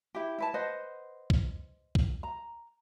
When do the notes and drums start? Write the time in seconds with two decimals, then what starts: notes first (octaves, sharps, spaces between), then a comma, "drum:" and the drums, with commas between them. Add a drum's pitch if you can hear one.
0.15 E4 G4
0.38 E4 B4 A5
0.54 B4 C5 D#5 F#5
1.30 drum: kick
1.95 drum: kick
2.23 A#5